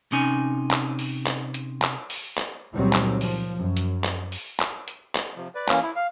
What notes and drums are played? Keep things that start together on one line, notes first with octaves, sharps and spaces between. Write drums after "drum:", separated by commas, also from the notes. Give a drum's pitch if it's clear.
C3 C#4 D#4 G#5
drum: clap
drum: open hi-hat
drum: clap
drum: hi-hat
drum: clap
drum: open hi-hat
drum: clap
C#2 A#2 D#3 F#3 G3 C4
drum: clap
F3, drum: open hi-hat
F#2
drum: hi-hat
drum: clap
drum: open hi-hat
drum: clap
drum: hi-hat
drum: clap
C3 F3
B4 D5
E3 A#3 C#4, drum: clap
E4
F5